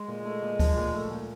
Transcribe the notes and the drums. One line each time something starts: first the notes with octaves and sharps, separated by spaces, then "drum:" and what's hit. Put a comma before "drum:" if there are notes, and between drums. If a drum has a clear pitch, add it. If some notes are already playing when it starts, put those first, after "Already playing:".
Already playing: G#3
A#2
A3
A#2
F3, drum: kick D2, open hi-hat
A#2
A3
A#2